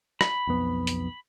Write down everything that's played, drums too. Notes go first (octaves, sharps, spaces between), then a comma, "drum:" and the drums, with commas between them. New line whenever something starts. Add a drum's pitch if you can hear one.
B5, drum: rim click
B1 F2 B3
drum: hi-hat